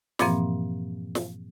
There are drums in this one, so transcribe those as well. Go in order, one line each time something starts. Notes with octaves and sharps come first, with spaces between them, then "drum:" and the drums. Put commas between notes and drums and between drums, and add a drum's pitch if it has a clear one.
G2 A#2 E3 F3 A#3 C4, drum: snare
drum: snare